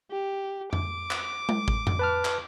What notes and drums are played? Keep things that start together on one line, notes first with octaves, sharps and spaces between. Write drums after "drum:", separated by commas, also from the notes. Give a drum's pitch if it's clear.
G4
D6, drum: tom F2
drum: clap
drum: tom G#3
drum: kick G#1
drum: tom F2
B4 A5 F6
drum: clap